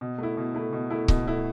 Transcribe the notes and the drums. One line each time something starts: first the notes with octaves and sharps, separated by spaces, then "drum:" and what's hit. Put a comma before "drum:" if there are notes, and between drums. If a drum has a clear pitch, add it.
B2
A3 E4
B2
A3 E4
B2
A3 E4
B2, drum: kick C#1
A3 E4